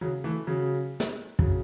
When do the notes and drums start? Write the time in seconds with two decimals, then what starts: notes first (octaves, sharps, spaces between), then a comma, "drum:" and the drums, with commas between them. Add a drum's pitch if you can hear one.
0.01 C#3 F#3
0.24 E3 A3
0.47 C#3 F#3
1.00 drum: snare
1.39 C#3 F#3, drum: kick